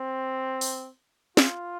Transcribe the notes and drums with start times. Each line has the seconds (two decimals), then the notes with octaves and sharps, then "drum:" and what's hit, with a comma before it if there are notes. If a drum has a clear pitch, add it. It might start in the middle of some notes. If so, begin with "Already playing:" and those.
Already playing: C4
0.61 drum: open hi-hat
1.37 F4, drum: snare